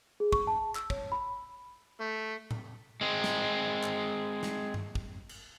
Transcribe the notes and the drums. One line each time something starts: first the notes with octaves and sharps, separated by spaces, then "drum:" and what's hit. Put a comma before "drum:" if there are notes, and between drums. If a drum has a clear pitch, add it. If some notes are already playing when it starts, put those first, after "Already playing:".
G#4
C#6, drum: kick
A5
E6, drum: clap
C#5, drum: kick
B5
A3
drum: tom A2
G#3 C4
drum: snare
drum: clap
drum: snare
drum: tom G2
drum: kick
drum: cymbal